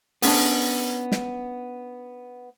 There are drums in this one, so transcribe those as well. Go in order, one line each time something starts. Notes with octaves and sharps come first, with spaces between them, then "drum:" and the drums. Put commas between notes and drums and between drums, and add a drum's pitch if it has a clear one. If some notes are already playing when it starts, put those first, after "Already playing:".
B3 C#4 D4, drum: open hi-hat
drum: snare